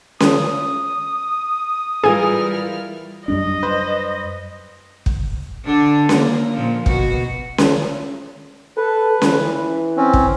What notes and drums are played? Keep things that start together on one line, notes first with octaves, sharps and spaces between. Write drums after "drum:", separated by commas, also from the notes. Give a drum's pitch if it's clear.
D#6, drum: snare C#4
E3 G3 E4 F4 G#4 A#4 F6
F#2 G3 D4 D#5
B4 C5
drum: kick
D3 D4
A#3, drum: snare C#4
A#2 F3
B2 F#4, drum: kick
drum: snare C#4
A4 B4
E3, drum: snare C#4
C4 C#4
drum: kick